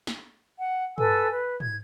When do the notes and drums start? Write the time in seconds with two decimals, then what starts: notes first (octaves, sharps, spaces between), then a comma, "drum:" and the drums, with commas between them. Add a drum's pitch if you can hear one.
0.07 drum: snare
0.59 F#5
0.98 A4 B4 G#5 E6, drum: tom
1.29 B4
1.60 G#6, drum: tom G#2